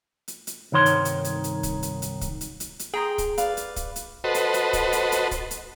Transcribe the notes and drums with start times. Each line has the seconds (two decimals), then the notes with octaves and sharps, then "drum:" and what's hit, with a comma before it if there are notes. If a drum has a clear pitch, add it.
0.28 drum: hi-hat
0.47 drum: hi-hat
0.72 C2 G2 D#3 C#5 C6
0.86 drum: hi-hat
1.05 drum: hi-hat
1.24 drum: hi-hat
1.44 drum: hi-hat
1.63 drum: kick, hi-hat
1.83 drum: hi-hat
2.02 drum: hi-hat
2.21 drum: kick, hi-hat
2.41 drum: hi-hat
2.60 drum: hi-hat
2.79 drum: hi-hat
2.94 G#4 G5 A#5 C6
3.18 drum: kick, hi-hat
3.38 B4 D5 F5, drum: hi-hat
3.57 drum: hi-hat
3.76 drum: kick, hi-hat
3.96 drum: hi-hat
4.24 F#4 A4 B4 C5 D#5
4.34 drum: hi-hat
4.54 drum: hi-hat
4.73 drum: kick, hi-hat
4.93 drum: hi-hat
5.12 drum: hi-hat
5.31 drum: kick, hi-hat
5.51 drum: hi-hat